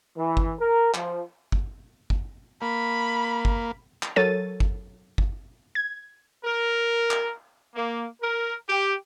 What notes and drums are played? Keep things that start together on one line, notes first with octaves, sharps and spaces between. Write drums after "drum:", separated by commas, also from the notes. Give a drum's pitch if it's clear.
E3
drum: kick G1
A#4
F3, drum: clap
drum: kick G1
drum: kick G1
A#3 B5
drum: kick G1
drum: clap
F#3 A4 A#4 C#5 A6 D#7
drum: kick G1
drum: kick G1
G#6
A#4
drum: clap
A#3
A#4
G4